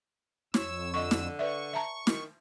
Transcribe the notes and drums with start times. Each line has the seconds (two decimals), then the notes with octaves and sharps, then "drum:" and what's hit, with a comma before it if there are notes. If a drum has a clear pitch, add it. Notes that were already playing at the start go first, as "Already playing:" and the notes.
0.54 F2 C#5 E6, drum: snare
0.94 D3 D#5 C#6
1.11 drum: snare
1.39 B4 D5 E5 C#6
1.73 E5 A5 A#5
2.07 D#3, drum: snare